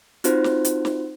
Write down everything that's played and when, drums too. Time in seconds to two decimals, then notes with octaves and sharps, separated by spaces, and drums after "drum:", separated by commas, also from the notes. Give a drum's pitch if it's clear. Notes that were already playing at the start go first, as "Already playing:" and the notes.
0.24 C4 D#4 F4 F#4 C5, drum: hi-hat
0.44 drum: snare
0.65 drum: hi-hat
0.85 drum: snare